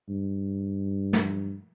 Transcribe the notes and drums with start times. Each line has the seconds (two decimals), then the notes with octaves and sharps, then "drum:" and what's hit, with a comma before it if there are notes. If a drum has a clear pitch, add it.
0.09 G2
1.13 drum: snare